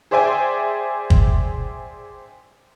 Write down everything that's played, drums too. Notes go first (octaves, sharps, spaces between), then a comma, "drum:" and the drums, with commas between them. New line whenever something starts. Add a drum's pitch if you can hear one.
G#4 C5 D5 E5 G5 G#5
drum: kick